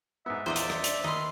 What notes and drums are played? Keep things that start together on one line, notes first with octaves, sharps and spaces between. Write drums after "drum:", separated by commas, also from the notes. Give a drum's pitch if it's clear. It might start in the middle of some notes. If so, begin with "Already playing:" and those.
G#2 B3 E5
A#1 E2 C5 D5 D#5 C6
drum: hi-hat
drum: rim click
D4, drum: hi-hat
D#2 D#5 B5 C6